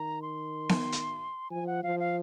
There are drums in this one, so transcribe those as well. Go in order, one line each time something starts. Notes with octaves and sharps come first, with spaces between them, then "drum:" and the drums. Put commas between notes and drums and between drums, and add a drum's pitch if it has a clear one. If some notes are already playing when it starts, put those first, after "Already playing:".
Already playing: D#3 A#5
C6
drum: snare B3
drum: hi-hat
F3 G#5
F#5
F3 F5
F5